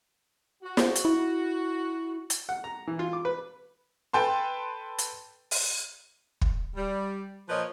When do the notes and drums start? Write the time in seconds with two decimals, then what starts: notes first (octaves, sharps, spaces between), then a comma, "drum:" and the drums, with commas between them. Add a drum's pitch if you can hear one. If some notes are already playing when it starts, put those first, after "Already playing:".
0.62 F#4
0.77 drum: snare
0.96 drum: hi-hat
1.05 E4
2.30 drum: hi-hat
2.49 F#5
2.64 A#5
2.87 E3
2.99 F4
3.13 D6
3.25 B4
4.13 A4 B4 G5 A5 C6
4.99 drum: hi-hat
5.51 drum: open hi-hat
6.41 drum: kick
6.76 G3
7.49 A#2 F3 A#4 B4 C#5 D#5